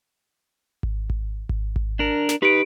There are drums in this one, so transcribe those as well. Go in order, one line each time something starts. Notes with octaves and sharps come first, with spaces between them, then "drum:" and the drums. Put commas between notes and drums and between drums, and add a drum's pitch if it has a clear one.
drum: kick G#1
drum: kick G#1
drum: kick G#1
drum: kick G#1
D4 A#4
drum: snare
D#4 G4 B4 D7